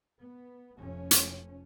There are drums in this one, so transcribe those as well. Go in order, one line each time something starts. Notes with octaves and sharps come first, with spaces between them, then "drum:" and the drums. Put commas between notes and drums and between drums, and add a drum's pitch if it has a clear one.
B3
F1 F3 A3 C#4
drum: hi-hat